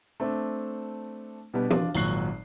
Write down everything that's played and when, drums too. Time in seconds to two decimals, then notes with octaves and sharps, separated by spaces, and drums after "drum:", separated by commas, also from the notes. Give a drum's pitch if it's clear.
0.20 A3 C4 D4
1.54 B2 G3 B3 D4
1.71 D4 F4, drum: tom
1.94 G#1 A#2 F#3 C#6 F#6 C7, drum: tambourine